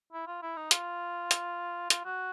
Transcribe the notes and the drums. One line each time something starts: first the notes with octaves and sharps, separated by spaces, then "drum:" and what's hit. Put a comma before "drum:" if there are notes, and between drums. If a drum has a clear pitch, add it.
E4
F4
E4
D#4
F4, drum: hi-hat
drum: hi-hat
F4, drum: hi-hat
F#4